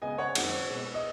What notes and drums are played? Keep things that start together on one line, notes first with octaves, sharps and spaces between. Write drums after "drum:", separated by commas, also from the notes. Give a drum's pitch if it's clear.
C#3 G#3 B3 D#5 G#5
C#5 F#5
F#2 D#3 G#3 C#4, drum: cymbal
B2 G#3 B3
D#5